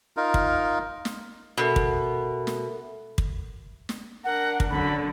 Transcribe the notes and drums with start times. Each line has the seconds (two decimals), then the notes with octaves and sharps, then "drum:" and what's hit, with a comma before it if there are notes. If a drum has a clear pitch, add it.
0.17 D#4 F4 A#4
0.34 drum: kick
1.05 drum: snare
1.57 B2 A4 A#4 E5
1.76 drum: kick
2.47 drum: snare
3.18 drum: kick
3.89 drum: snare
4.24 D4 A#4 F#5
4.60 drum: kick
4.70 F#2 D3 B5